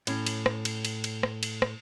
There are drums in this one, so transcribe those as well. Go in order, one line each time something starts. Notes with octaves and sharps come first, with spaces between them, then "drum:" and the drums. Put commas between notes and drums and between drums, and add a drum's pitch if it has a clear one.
A2 C#4, drum: cymbal
drum: cymbal
drum: rim click
drum: cymbal
drum: cymbal
drum: cymbal
drum: rim click
drum: cymbal
drum: rim click